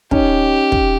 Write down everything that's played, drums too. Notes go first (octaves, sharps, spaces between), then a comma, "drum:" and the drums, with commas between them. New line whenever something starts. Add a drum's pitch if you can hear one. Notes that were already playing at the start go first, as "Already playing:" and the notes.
C#4 D#4 G4, drum: kick
drum: kick